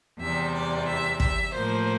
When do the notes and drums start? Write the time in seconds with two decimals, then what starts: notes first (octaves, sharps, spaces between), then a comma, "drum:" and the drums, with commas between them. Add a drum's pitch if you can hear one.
0.19 E2 C3 G3 E5
0.54 D5
0.86 E5
1.20 E5, drum: kick
1.53 A2 F3 A#3 C5